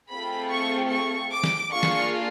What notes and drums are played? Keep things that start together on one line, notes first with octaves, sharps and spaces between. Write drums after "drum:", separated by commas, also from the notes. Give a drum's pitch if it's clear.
A3 C4 F4 G#4 B5
C#6
C#6
D6
drum: snare
A#3 D4 F4 G#4 C#6
drum: snare